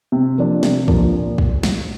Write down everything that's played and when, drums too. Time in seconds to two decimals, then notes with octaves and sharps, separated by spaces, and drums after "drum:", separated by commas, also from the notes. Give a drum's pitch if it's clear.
0.12 C3
0.38 F3 A#3 D4
0.63 C3, drum: snare
0.88 F3 A#3 D4, drum: kick
1.13 A#2
1.38 drum: kick
1.63 drum: snare